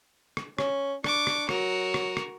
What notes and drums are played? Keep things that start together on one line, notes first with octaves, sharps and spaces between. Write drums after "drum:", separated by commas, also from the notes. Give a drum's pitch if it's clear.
drum: rim click
C#4, drum: rim click
D4 C#6 D6, drum: rim click
drum: rim click
F#3 F#4 A#4, drum: rim click
drum: rim click
drum: rim click